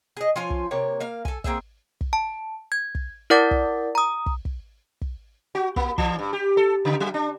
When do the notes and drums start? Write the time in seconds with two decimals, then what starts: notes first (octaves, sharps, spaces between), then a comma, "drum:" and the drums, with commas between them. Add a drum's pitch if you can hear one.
0.17 G#4 D#5
0.36 F3 C#4 F4 G#5
0.50 drum: kick
0.71 C3 A#3 C#5
1.00 A#3 F5
1.25 A4 G#5, drum: kick
1.44 A#3 C4 G#4 E5, drum: kick
2.01 drum: kick
2.13 A5
2.72 G#6
2.95 drum: kick
3.30 E4 A#4 D5 F#5 D6 A6
3.51 drum: kick
3.95 A#5 D#6
4.26 drum: kick
4.45 drum: kick
5.01 drum: kick
5.55 F#4
5.76 A#3, drum: kick
5.98 E3, drum: kick
6.19 G2
6.33 G4
6.57 A4
6.85 C#3
7.00 F#3
7.14 D4